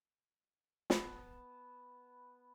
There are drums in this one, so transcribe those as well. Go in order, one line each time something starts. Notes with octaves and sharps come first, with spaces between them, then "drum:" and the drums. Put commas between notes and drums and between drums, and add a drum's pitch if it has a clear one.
B3 A5, drum: snare